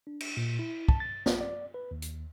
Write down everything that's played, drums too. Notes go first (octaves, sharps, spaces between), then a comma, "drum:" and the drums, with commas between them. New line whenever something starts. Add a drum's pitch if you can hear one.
D4
drum: cymbal
A#2
E4
A5, drum: kick
A6
A#1, drum: snare
D5
B4
D#2
drum: hi-hat